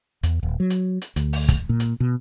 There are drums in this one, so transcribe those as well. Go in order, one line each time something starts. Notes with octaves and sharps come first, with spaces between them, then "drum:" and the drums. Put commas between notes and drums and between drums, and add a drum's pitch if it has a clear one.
E2, drum: hi-hat
D#1
F#3
drum: hi-hat
drum: hi-hat
D2, drum: hi-hat
drum: open hi-hat
drum: kick, hi-hat
A#2
drum: hi-hat
B2